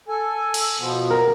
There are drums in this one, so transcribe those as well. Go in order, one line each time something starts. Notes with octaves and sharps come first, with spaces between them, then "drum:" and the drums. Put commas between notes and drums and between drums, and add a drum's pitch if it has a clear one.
A4 G#5
drum: cymbal
B2 F3 B3
A#4